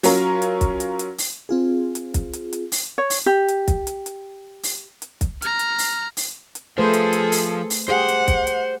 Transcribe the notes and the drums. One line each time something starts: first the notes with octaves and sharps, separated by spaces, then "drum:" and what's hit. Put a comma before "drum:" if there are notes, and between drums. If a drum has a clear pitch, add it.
F#3 C#4 F4 A#4, drum: open hi-hat
drum: hi-hat
drum: kick, hi-hat
drum: hi-hat
drum: hi-hat
drum: open hi-hat
C4 F4 G#4
drum: hi-hat
drum: kick, hi-hat
drum: hi-hat
drum: hi-hat
drum: open hi-hat
C#5
drum: open hi-hat
G4
drum: hi-hat
drum: kick, hi-hat
drum: hi-hat
drum: hi-hat
drum: open hi-hat
drum: hi-hat
drum: kick, hi-hat
A#5 F6, drum: hi-hat
drum: hi-hat
drum: open hi-hat
drum: open hi-hat
drum: hi-hat
F3 A3 G#4 A4 B4 C5
drum: hi-hat
drum: hi-hat
drum: open hi-hat
drum: open hi-hat
G4 G#4 C5 F#5
drum: hi-hat
drum: kick, hi-hat
drum: hi-hat